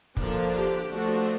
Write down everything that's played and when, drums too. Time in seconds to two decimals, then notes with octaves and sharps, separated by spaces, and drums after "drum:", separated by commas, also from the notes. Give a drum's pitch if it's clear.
0.17 D3 F3 A#3 D4, drum: kick
0.54 G4
0.91 F3 A3 D4 F#4